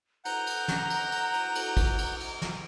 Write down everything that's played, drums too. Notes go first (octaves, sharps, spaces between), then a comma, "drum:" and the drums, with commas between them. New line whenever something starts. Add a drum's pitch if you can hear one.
F#5 A#5 G6, drum: cymbal
drum: cymbal
drum: snare
drum: cymbal
drum: cymbal
drum: cymbal
drum: cymbal
drum: kick, cymbal
drum: cymbal
drum: cymbal
drum: snare